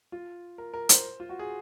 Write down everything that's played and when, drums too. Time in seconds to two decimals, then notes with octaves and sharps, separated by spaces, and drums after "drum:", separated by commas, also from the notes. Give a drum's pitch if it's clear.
0.12 F4
0.58 A#4
0.74 A#4
0.89 C5, drum: hi-hat
1.20 F4
1.29 F#4
1.39 G#4